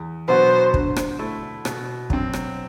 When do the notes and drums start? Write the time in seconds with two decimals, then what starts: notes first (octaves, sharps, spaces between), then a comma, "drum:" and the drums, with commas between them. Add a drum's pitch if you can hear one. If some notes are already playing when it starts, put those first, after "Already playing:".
Already playing: E2
0.28 B2 F#3 B3 F#4 C5
0.74 D3, drum: kick
0.96 drum: rim click
1.19 A3 E4
1.65 B2, drum: rim click
2.10 F#3 C4, drum: kick
2.33 drum: rim click